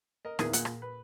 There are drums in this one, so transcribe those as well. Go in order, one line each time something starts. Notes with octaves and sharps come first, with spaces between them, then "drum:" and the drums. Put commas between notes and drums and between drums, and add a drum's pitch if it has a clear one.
A#4 D#5
E2 A#2 D#3 E3 G#4, drum: rim click
A#2 F#5, drum: hi-hat
drum: rim click
B4